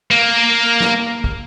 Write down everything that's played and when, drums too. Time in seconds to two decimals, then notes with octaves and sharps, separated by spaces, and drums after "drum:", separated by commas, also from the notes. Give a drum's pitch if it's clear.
0.11 A#3
0.80 drum: snare
1.24 drum: kick